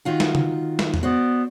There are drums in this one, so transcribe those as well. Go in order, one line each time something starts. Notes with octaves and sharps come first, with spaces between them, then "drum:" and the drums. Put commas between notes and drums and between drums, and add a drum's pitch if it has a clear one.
D#3 F4 F#4
drum: snare
drum: tom
drum: snare
drum: tom
B3 F#4 C5 D5